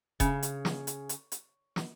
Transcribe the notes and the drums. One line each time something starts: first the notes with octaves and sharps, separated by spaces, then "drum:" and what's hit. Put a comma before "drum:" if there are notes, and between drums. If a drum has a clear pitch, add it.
C#3, drum: kick F1, hi-hat
drum: hi-hat
drum: snare
drum: hi-hat
drum: hi-hat
drum: hi-hat
drum: snare